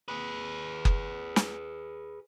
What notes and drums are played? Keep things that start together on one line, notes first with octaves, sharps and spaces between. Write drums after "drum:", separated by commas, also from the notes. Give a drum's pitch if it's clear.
G#4 B4
drum: kick F#1
drum: snare